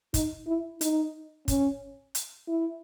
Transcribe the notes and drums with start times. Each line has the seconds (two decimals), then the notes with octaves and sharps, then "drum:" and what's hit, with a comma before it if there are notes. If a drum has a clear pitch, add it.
0.14 D#4, drum: kick, hi-hat
0.47 E4
0.81 D#4, drum: hi-hat
1.48 C#4, drum: kick, hi-hat
2.15 drum: hi-hat
2.48 E4